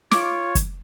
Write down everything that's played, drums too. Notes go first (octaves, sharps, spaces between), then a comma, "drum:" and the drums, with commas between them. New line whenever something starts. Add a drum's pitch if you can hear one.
F4 C#5 D6, drum: snare
drum: kick, hi-hat